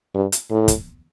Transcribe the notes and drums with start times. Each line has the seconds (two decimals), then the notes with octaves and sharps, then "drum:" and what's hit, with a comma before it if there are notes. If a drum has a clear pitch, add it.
0.14 G2
0.32 drum: hi-hat
0.50 A2
0.68 drum: kick, hi-hat